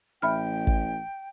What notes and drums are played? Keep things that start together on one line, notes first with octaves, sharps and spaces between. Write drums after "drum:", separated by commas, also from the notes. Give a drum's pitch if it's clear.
A1 E5 G5 B5 F6
drum: kick